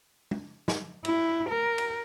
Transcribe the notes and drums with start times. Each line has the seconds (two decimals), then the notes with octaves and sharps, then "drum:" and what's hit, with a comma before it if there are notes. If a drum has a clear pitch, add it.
0.31 drum: tom
0.68 drum: snare
1.05 E4, drum: cymbal
1.50 A#4
1.78 drum: cymbal